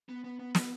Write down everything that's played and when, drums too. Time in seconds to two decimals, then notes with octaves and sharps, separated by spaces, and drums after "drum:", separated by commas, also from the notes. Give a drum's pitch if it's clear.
0.09 B3
0.24 B3
0.39 B3
0.55 B3, drum: snare